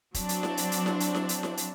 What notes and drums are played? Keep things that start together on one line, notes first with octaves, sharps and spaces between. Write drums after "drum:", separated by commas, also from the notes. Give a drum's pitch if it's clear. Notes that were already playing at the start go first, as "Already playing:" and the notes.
F#3 C4 D4, drum: kick F1, hi-hat
drum: hi-hat
drum: snare E4
drum: hi-hat
drum: hi-hat
drum: snare E4
drum: hi-hat
drum: snare E4
drum: hi-hat
drum: snare E4
drum: hi-hat